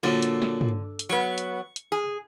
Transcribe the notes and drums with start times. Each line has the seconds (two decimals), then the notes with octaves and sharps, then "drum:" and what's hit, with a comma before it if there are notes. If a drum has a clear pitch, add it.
0.03 A#2 D3 F3 F#3
0.22 drum: hi-hat
0.42 drum: snare
0.61 drum: tom
0.99 drum: hi-hat
1.09 F#3 B3 C#6
1.38 drum: hi-hat
1.76 drum: hi-hat
1.92 G#4